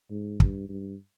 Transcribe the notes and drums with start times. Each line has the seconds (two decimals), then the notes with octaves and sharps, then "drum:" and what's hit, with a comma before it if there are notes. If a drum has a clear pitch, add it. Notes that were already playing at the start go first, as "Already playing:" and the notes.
0.10 G#2
0.40 G2, drum: kick
0.69 G2